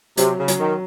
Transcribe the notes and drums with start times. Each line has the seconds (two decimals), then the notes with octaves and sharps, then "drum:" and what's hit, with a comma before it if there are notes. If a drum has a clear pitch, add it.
0.17 C3 F#3, drum: hi-hat
0.38 C#3
0.48 F#3, drum: hi-hat
0.59 D#3